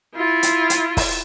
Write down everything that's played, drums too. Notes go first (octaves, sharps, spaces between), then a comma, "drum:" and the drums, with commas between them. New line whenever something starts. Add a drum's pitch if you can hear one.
E4 F4
drum: hi-hat
drum: hi-hat
drum: kick, open hi-hat